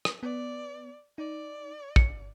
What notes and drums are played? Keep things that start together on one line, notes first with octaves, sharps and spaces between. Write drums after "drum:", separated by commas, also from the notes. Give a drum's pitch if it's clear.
drum: rim click
B3 D5
D#4 D5
G1 C#7, drum: kick